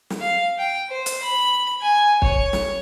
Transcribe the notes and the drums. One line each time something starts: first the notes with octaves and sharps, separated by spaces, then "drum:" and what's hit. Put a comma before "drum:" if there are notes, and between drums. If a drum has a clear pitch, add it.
drum: snare
F5
G5
C5
drum: hi-hat
B5
G#5
C#5, drum: kick
drum: snare